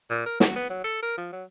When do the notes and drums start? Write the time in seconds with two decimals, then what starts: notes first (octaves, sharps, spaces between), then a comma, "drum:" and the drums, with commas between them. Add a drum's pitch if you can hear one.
0.10 A#2
0.26 A#4
0.40 F#4, drum: snare
0.56 B3
0.70 F#3
0.84 A4
1.03 A#4
1.18 F3
1.33 F#3